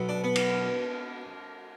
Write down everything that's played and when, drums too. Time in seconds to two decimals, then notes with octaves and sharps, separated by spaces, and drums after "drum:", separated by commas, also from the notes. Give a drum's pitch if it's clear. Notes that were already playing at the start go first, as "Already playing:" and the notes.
Already playing: B1 B2
0.09 D4
0.24 B3
0.36 drum: cymbal